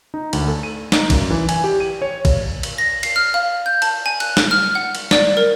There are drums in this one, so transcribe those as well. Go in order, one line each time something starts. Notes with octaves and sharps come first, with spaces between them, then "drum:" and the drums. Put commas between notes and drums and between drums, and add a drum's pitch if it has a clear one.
D#4
D2, drum: cymbal
A4
D#7
D#4, drum: snare
F#2, drum: kick A#1, cymbal
E3
G#5, drum: cymbal
G4
D#7
C#5
drum: kick A#1, cymbal
drum: cymbal
A#6
C7, drum: cymbal
F6
F5
G6
A5, drum: cymbal
G#5
F#6, drum: cymbal
drum: snare
F6
F#5
drum: cymbal
D5, drum: snare
A#4